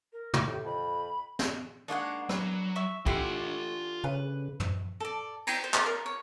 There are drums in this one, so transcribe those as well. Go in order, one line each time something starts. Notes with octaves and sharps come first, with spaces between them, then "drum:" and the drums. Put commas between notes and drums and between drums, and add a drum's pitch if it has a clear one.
A#4
drum: tom
A2 G4
F2 B5
drum: snare
G#3 A#3 D4 D#4 C#5 F#5
F#3 B4, drum: rim click
E5 C#6 E6
D3 E3 A3 F4 G4 B5 C6, drum: kick
C#3 B4
drum: tom
A4 D5
E4 G5 A#5, drum: cymbal
C5
drum: clap
A#4
C#5